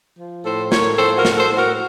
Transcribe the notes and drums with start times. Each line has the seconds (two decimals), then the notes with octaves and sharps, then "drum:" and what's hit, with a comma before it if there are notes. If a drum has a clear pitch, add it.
0.19 F3
0.46 A2 A4 C5
0.72 A2 A#4 C#5, drum: snare
0.98 F3 A4 C5
1.18 F#4 A#4
1.25 A2, drum: snare
1.38 A4 C5
1.51 A2
1.57 F#4 A#4